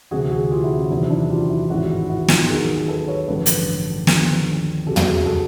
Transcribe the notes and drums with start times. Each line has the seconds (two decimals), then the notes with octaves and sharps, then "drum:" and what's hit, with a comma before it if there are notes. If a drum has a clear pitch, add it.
0.11 D2 C3 E3 F#4 G#4
0.31 F#4 G#4
0.51 F4 G4
0.64 E4 F#4
0.77 C#4
0.90 E2 C3 D#3 F#3 D4
1.10 D4 E4
1.30 F4 G4
1.50 E4 F#4
1.69 A1 G#2 D#3 E4 F#4
2.09 E4 F#4
2.28 D#4 F4, drum: snare
2.49 D#2 D#3 F#3 G#4 A#4
2.88 A4 B4
3.08 B4 C#5
3.28 A1 G2 D3 F3 A4 B4
3.46 drum: hi-hat
4.07 D#2 D3 F3, drum: snare
4.87 C#2 B2 F#3 G4 A4
4.96 drum: tom
5.06 F#4 G#4
5.26 G4 A4